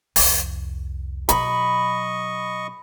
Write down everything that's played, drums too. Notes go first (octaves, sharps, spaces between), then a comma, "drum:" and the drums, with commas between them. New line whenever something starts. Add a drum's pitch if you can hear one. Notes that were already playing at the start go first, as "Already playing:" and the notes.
C2 F2, drum: open hi-hat
B2 F#3 D#5 B5 C#6, drum: hi-hat